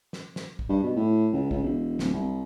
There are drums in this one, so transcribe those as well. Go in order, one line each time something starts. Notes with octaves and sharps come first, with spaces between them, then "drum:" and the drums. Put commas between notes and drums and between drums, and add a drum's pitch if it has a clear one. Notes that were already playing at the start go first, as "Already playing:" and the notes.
drum: snare
drum: snare
drum: kick
G2
B2
A2
C#2
C#2, drum: kick
E1
D1, drum: snare
C2